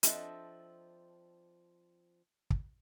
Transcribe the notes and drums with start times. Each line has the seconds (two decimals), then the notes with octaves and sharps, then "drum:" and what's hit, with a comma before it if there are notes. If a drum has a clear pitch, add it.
0.03 F3 C4 D4 A4 D#5 E5, drum: hi-hat
2.50 drum: kick